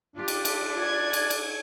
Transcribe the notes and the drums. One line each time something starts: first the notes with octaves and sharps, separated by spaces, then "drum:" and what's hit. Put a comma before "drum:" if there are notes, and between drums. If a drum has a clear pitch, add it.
D4 F4 G4
drum: cymbal
drum: cymbal
D5 G#6
drum: cymbal
drum: cymbal